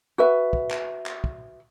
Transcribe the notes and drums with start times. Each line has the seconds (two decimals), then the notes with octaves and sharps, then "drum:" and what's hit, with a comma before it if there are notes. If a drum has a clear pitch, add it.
0.18 F#4 B4 E5
0.53 drum: kick
0.71 drum: clap
1.06 drum: clap
1.24 drum: kick